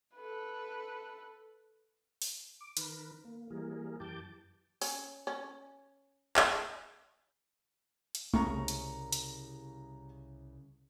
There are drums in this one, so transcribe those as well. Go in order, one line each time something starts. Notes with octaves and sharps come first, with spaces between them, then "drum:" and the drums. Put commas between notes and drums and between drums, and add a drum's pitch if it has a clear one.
A4 B4
drum: open hi-hat
D6
D#3 A#4 B4, drum: hi-hat
A#3
E3 G3 A#3 G#4 A#4
F#2 E3 G4 A5 D6 G6
C#4, drum: open hi-hat
C#4
G#4, drum: clap
drum: hi-hat
C2 C#3 A#5 C#6, drum: tom
drum: hi-hat
drum: hi-hat